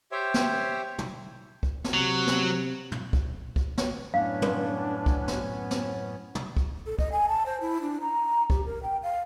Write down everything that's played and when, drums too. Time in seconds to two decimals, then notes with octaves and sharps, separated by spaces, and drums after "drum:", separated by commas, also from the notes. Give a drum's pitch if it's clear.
0.12 G4 C5 C#5 E5 G5
0.34 drum: snare
0.99 drum: tom
1.63 drum: kick
1.84 drum: snare
1.94 C3 F#3
2.27 drum: snare
2.92 drum: tom
3.13 drum: kick
3.56 drum: kick
3.78 drum: snare
4.14 F#2 A2 B3 C#4 D4 F5
4.42 drum: tom
5.06 drum: kick
5.28 drum: snare
5.71 drum: snare
6.35 drum: tom
6.57 drum: kick
6.86 A4
6.99 D#5, drum: kick
7.12 G#5
7.28 A5
7.46 C5
7.61 E4
7.82 D4
8.01 A#5
8.50 G4, drum: kick
8.65 A#4
8.83 G5
9.03 F5